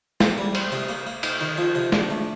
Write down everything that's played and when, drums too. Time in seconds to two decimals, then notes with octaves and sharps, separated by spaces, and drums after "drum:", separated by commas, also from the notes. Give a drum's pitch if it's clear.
0.20 A#3, drum: snare
0.38 G3
0.55 C4, drum: cymbal
0.72 C3
0.89 A#3
1.07 A#3
1.23 D#4, drum: cymbal
1.41 D#3
1.58 F3
1.75 C3
1.92 D4, drum: snare
2.10 A3